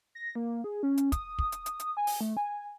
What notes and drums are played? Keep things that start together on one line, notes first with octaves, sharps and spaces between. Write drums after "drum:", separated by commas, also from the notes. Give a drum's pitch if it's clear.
A#6
A#3
G#4
C#4
drum: hi-hat
D#6, drum: kick, hi-hat
drum: kick
drum: hi-hat
drum: hi-hat
drum: hi-hat
G#5
drum: open hi-hat
A3
G#5